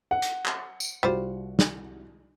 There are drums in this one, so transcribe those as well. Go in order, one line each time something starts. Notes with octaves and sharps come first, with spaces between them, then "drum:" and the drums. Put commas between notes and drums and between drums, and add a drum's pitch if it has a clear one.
F#5
drum: hi-hat
drum: clap
drum: tambourine
C2 G3 F4 F#4 C5
drum: snare